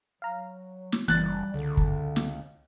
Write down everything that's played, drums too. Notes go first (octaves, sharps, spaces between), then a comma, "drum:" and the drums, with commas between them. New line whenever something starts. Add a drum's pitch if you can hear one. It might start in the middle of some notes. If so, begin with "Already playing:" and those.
F#3 F5 A#5
drum: snare
F#1 E3 G3 F#6 A6, drum: snare
C#2 D3
drum: kick
drum: snare